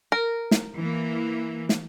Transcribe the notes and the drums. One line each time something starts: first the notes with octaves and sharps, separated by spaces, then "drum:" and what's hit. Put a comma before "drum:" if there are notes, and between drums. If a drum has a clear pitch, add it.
A#4
drum: snare
E3 A#3
drum: snare